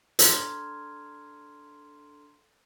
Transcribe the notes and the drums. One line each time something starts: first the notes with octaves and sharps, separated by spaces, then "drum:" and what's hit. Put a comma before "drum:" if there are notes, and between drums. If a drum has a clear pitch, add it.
D4 A4 A#5 C6 F6 G#6, drum: hi-hat